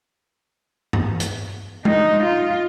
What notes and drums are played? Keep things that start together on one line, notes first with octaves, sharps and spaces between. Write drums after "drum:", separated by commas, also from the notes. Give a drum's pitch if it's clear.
drum: tom G2
drum: hi-hat
D#4, drum: tom G#3
F4